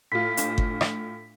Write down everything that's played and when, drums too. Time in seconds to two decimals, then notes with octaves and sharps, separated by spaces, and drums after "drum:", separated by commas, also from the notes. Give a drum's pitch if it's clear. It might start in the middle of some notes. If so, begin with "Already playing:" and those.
0.12 A2 F4 B6
0.37 A3 D4 F5, drum: hi-hat
0.58 drum: kick G1
0.81 drum: rim click